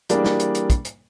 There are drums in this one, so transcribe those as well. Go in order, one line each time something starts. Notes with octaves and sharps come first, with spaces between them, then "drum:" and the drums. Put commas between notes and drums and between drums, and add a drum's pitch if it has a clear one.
E3 G3 A#3 D4 G#4, drum: hi-hat
drum: snare
drum: hi-hat
drum: hi-hat
drum: kick, hi-hat
drum: hi-hat